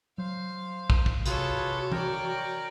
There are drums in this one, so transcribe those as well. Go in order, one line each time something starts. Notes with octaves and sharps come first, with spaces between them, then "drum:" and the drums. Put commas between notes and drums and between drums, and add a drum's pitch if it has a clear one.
F#3 C5 F5
drum: kick
drum: kick
C3 F4 F#4 G#4 A4 B4 C#5, drum: hi-hat
A#4 C#5 D5 G5, drum: tom